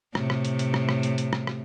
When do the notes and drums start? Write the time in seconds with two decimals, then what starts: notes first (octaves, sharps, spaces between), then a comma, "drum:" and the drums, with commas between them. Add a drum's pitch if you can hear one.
0.15 A2 C3, drum: rim click
0.30 drum: rim click
0.45 drum: hi-hat
0.59 drum: hi-hat
0.74 drum: rim click
0.89 drum: rim click
1.03 drum: hi-hat
1.18 drum: hi-hat
1.33 drum: rim click
1.47 drum: rim click